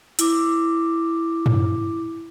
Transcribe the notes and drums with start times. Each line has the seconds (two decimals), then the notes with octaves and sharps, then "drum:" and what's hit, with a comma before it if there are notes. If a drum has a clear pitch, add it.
0.19 E4 D6, drum: hi-hat
1.46 drum: tom